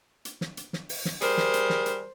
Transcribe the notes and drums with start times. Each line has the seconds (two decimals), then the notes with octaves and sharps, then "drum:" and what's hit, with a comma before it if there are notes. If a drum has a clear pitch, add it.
0.25 drum: hi-hat
0.41 drum: snare
0.57 drum: hi-hat
0.73 drum: snare
0.89 drum: open hi-hat
1.05 drum: snare
1.21 G3 G#4 A#4 C5, drum: hi-hat
1.38 drum: snare
1.54 drum: hi-hat
1.70 drum: snare
1.86 drum: hi-hat